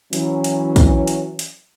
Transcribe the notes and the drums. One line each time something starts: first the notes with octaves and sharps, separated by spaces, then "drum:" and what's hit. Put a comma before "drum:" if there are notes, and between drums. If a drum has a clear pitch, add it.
E3 F#3 C#4, drum: hi-hat
drum: hi-hat
drum: kick, hi-hat
drum: hi-hat
drum: hi-hat